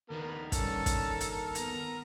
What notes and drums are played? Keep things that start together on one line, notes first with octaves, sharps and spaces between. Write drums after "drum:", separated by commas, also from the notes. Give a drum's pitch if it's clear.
D#2 D#3 B3 D4 A#4
G2 C#4 A4 A#4 A6, drum: kick, hi-hat
drum: kick, hi-hat
drum: hi-hat
B3 A#5, drum: hi-hat